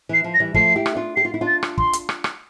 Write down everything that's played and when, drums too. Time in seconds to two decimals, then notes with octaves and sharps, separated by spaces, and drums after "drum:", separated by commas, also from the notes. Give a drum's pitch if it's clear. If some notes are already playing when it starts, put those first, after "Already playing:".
0.09 E3 C7
0.24 F3
0.34 A#6
0.40 E3 G3
0.55 F3 A3 C7, drum: kick
0.76 E4 G4
0.86 drum: rim click
0.95 D4 F4
1.16 G4 C7
1.25 F4
1.34 E4
1.41 D4 F4
1.47 A6
1.63 drum: rim click
1.78 C6, drum: kick
1.93 drum: hi-hat
2.09 drum: rim click
2.24 drum: rim click